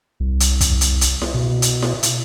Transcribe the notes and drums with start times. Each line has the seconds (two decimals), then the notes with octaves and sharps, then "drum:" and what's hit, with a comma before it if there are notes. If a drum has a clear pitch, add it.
0.20 C2
0.40 drum: hi-hat
0.61 drum: kick, hi-hat
0.81 drum: hi-hat
1.01 drum: hi-hat
1.21 drum: snare E4
1.34 B2
1.62 drum: hi-hat
1.82 drum: snare E4
2.03 drum: hi-hat